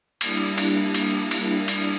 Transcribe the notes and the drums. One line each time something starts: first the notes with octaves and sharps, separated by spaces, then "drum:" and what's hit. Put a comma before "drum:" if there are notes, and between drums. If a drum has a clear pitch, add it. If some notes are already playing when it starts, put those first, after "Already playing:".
G3 A#3 D4 E4, drum: cymbal
drum: cymbal
drum: cymbal
drum: cymbal
drum: cymbal